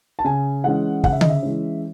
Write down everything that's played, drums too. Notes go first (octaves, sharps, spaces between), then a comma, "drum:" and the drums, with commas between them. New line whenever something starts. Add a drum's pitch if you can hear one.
A5
C#3 G#5
E3 G#3 C#4 F#5
C#3 F#5, drum: kick
E5
D#5, drum: tom D3
E5
E3 G#3 C#4